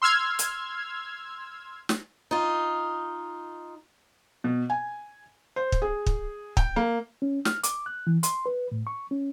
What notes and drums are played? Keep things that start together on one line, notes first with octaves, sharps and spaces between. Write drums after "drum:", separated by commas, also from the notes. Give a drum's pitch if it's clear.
C6 E6 F6 G#6
drum: hi-hat
drum: snare
D#4 F4
B2
G#5
C5
drum: kick
G#4
drum: kick
G5, drum: kick
A#3
C#4
F6, drum: snare
D6, drum: hi-hat
F#6
E3
C6, drum: hi-hat
B4
A2
C#6
C#4